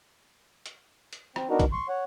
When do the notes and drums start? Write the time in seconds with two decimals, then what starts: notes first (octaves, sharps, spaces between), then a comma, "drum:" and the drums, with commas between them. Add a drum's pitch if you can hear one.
0.66 drum: hi-hat
1.13 drum: hi-hat
1.36 C4, drum: rim click
1.50 B3 D4 D#4 F#4 A#4
1.60 drum: kick, hi-hat
1.73 C6 C#6
1.89 C#5 F#5